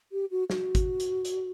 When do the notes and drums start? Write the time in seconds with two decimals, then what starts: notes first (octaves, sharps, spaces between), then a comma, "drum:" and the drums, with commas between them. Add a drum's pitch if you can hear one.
0.12 G4
0.31 F#4
0.50 F#4, drum: snare
0.75 drum: kick G#1, hi-hat
1.00 drum: hi-hat
1.25 drum: hi-hat